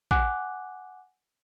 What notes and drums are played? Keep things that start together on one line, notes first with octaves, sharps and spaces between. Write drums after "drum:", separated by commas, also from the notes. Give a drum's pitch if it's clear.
F#5 G#5 D6 F#6, drum: kick